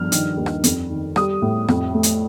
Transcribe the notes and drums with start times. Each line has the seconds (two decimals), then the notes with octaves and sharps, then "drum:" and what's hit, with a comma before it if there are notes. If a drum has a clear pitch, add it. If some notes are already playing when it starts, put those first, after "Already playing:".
Already playing: G2 F3 F6
0.12 D#3, drum: hi-hat
0.37 D#2
0.46 drum: rim click
0.64 F2, drum: hi-hat
0.90 D#3
1.16 G3 D#6, drum: rim click
1.42 A2
1.68 F2, drum: rim click
1.94 A3
2.03 drum: hi-hat